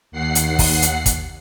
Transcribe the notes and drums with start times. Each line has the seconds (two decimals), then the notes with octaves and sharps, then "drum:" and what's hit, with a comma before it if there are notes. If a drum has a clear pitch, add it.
0.12 D#2 F#5 C7
0.35 drum: hi-hat
0.59 drum: kick, open hi-hat
0.82 drum: hi-hat
1.06 drum: kick, hi-hat